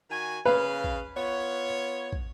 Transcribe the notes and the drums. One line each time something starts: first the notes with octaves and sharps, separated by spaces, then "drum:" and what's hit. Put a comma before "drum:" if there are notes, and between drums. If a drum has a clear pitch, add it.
D#3 F#4 G#5
C#3 B4 F5
drum: kick
B3 F4 C#5
drum: kick